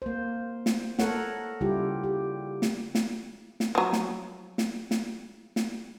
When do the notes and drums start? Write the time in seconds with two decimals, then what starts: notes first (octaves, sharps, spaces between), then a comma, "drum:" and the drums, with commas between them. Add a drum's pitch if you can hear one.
0.02 A#3 C5
0.66 drum: snare
0.99 A4 A#4 C#5 F#5, drum: snare
1.61 C#3 G3 E4 F4 G4
2.04 G4
2.62 drum: snare
2.95 drum: snare
3.60 drum: snare
3.75 F3 F#3
3.93 drum: snare
4.58 drum: snare
4.91 drum: snare
5.56 drum: snare